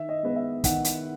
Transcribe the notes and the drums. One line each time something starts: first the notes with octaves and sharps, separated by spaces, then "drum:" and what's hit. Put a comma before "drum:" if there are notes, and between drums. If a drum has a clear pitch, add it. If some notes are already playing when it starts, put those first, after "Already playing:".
Already playing: D#3 E5
D#5
G#3 B3
E5
D#3 F#5, drum: kick, hi-hat
drum: hi-hat